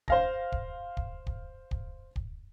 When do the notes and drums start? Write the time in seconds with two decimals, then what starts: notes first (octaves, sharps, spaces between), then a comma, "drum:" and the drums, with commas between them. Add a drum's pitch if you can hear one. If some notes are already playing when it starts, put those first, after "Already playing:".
0.08 C5 F5 A#6, drum: kick
0.52 drum: kick
0.97 drum: kick
1.27 drum: kick
1.71 drum: kick
2.16 drum: kick